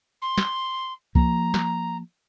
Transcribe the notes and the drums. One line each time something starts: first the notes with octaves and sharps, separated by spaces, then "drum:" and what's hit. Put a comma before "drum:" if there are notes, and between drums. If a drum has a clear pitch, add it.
C6
drum: snare
F3 A#3 A#5, drum: kick C2
drum: snare